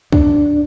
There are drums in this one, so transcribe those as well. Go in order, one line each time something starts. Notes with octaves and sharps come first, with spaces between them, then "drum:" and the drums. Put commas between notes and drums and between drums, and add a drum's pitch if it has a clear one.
D4, drum: kick